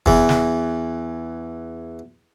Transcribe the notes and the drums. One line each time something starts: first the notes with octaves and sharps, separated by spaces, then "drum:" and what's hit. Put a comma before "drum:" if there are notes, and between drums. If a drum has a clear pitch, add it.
E2 E3, drum: kick
drum: snare